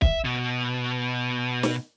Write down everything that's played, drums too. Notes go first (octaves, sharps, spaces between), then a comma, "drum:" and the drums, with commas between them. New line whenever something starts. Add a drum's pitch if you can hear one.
E5, drum: kick
B2
drum: snare